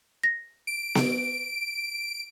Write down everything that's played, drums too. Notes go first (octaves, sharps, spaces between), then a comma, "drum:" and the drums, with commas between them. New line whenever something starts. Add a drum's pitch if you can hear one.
A#6
D7
drum: snare B3